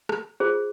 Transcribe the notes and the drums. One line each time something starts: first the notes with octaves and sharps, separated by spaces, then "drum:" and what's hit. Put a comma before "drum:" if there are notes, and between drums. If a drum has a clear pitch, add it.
drum: rim click
F4 G#4 C5